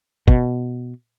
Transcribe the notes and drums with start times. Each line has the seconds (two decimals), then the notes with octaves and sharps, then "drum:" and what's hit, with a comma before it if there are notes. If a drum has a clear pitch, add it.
0.28 B2, drum: kick F#1